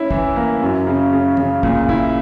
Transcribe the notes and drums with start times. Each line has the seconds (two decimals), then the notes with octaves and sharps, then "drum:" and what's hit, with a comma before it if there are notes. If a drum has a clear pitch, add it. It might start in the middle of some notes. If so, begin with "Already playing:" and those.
Already playing: C#4 E4
0.11 E3, drum: kick
0.36 A#3
0.62 F#2
0.87 C#3
1.13 C#3
1.37 C#3, drum: tom
1.63 A#2, drum: kick
1.89 E4, drum: kick